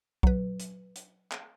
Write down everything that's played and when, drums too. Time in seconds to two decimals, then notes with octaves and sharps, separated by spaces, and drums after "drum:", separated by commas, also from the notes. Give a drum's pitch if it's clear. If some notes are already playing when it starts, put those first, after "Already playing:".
0.23 F#3 B4, drum: kick
0.59 drum: hi-hat
0.95 drum: hi-hat
1.32 drum: clap